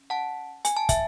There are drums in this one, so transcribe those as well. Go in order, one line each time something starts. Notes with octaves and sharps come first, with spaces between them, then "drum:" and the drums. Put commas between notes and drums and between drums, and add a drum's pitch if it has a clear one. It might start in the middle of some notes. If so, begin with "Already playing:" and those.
Already playing: C#4
F#5 A5
G#5, drum: hi-hat
A5
E5 G#5, drum: kick, hi-hat